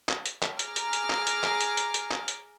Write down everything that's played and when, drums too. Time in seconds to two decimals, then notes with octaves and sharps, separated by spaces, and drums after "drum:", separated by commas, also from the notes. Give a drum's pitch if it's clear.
0.09 drum: clap
0.26 drum: hi-hat
0.42 drum: clap
0.59 G#4 A#5 D6 F6, drum: hi-hat
0.76 drum: hi-hat
0.93 drum: hi-hat
1.10 drum: clap
1.27 drum: hi-hat
1.44 drum: clap
1.60 drum: hi-hat
1.77 drum: hi-hat
1.94 drum: hi-hat
2.11 drum: clap
2.28 drum: hi-hat